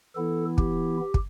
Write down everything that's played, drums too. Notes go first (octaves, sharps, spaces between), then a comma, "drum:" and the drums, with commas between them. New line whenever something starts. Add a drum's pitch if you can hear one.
E3 B3 E4 A4
G4, drum: kick
drum: kick